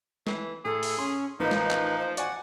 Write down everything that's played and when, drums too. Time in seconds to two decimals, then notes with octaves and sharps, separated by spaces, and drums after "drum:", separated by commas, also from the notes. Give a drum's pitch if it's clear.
0.27 E3, drum: snare
0.65 A2 G#4 A4
0.83 drum: open hi-hat
0.99 C#4 C6
1.40 A1 F3 A#3 D#4 B4
1.51 drum: snare
1.71 drum: clap
1.99 C5
2.17 F#4 D5 F#5 G#5, drum: hi-hat